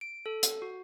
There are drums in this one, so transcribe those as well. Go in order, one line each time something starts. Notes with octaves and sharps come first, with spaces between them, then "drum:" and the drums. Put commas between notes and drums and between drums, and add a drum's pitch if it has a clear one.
D7
A4
drum: hi-hat
F#4